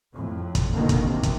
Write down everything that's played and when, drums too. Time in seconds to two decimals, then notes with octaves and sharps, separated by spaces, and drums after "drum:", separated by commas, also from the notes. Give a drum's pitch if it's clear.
0.14 F2 A2
0.55 drum: kick, hi-hat
0.72 B2 D3 D#3 A#3
0.89 drum: kick, hi-hat
1.05 B1 C3
1.23 drum: kick, hi-hat